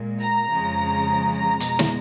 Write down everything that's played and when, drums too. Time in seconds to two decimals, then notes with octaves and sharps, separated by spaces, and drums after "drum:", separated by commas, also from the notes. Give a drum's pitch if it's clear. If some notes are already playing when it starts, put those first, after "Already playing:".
Already playing: A#2 G#3
0.20 A#5
0.49 F2 C#3 F3 G#3
1.32 A#5
1.60 B2 G#3, drum: hi-hat
1.79 drum: snare